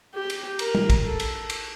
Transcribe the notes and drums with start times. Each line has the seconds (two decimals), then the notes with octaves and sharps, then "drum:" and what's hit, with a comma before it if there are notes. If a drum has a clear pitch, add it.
0.14 G4
0.30 drum: cymbal
0.59 A#4, drum: cymbal
0.75 drum: tom
0.90 drum: kick, cymbal
1.05 A4
1.20 drum: cymbal
1.50 drum: cymbal